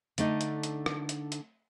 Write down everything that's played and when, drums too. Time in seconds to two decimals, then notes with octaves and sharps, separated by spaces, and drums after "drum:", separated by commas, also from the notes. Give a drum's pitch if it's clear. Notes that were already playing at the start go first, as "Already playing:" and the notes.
0.18 D3 A3 D4 D#4, drum: hi-hat
0.41 drum: hi-hat
0.63 drum: hi-hat
0.86 drum: rim click
1.09 drum: hi-hat
1.32 drum: hi-hat